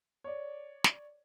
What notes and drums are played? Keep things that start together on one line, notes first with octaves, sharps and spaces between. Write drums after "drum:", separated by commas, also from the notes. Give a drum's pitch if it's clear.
C#5 D5
drum: snare